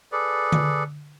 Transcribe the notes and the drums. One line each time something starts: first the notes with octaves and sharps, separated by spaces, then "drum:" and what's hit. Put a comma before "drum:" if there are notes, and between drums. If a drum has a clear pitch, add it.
G#4 A4 B4 D5
drum: tom D3